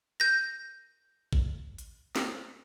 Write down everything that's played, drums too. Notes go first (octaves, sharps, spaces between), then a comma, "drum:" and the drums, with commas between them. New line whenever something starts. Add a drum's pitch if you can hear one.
G6 A#6
drum: kick A1
drum: hi-hat
drum: snare